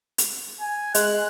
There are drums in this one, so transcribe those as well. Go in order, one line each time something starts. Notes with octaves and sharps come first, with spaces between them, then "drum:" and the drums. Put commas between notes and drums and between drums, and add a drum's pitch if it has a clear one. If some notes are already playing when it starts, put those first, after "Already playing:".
drum: hi-hat
G#5
G#3 F#6, drum: hi-hat